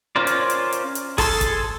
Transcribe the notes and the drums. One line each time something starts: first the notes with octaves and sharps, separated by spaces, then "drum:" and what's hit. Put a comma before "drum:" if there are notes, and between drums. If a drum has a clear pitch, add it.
C#4 F4 A#4 C5 D5
drum: hi-hat
drum: hi-hat
drum: hi-hat
drum: hi-hat
G#4 A4 A5 C6, drum: kick, open hi-hat
drum: kick, hi-hat